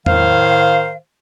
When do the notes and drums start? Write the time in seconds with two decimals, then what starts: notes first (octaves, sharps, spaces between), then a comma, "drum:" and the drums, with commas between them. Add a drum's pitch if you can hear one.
0.06 A2 D#3 C5 F5, drum: tom E2